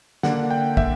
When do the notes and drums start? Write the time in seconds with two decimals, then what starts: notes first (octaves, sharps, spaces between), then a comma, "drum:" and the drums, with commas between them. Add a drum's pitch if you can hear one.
0.23 D3 A#3 D4 F#5, drum: snare
0.51 G5
0.77 E5, drum: kick